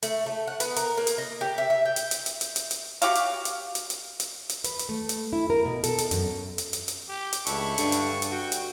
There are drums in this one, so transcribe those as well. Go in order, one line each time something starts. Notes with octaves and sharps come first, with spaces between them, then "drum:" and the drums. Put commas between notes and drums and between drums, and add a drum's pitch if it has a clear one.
A3, drum: hi-hat
A3
F#5
B3, drum: hi-hat
A#4, drum: hi-hat
A#3
drum: hi-hat
D#5
G4
E5
E5
G5
drum: hi-hat
drum: hi-hat
drum: hi-hat
drum: hi-hat
drum: hi-hat
drum: hi-hat
F#4 G4 C#5 F5, drum: hi-hat
drum: hi-hat
drum: hi-hat
drum: hi-hat
drum: hi-hat
drum: hi-hat
drum: hi-hat
B4, drum: hi-hat
drum: hi-hat
A3
drum: hi-hat
E4
A#4
B2
A4, drum: hi-hat
drum: hi-hat
F#2, drum: hi-hat
drum: hi-hat
drum: hi-hat
drum: hi-hat
G4
drum: hi-hat
C#2 A3 D4 E4 C#6, drum: hi-hat
G2 D3, drum: hi-hat
drum: hi-hat
drum: hi-hat
F#4 G5
drum: hi-hat